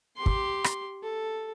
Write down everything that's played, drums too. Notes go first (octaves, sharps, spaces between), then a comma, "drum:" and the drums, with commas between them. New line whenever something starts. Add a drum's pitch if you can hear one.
G4 C6
drum: kick
drum: rim click
A4